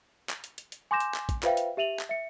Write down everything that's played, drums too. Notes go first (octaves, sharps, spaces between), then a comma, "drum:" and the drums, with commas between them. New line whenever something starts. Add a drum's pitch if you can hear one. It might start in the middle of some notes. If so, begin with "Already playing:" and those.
drum: clap
drum: hi-hat
drum: hi-hat
drum: hi-hat
G#5 C6 D6 G6 A#6 E7
drum: hi-hat
drum: clap
drum: kick, hi-hat
F4 B4 C5 E5 F5 G5, drum: clap
drum: hi-hat
G4 E5 D#7 F7 F#7
drum: clap
E5 C#7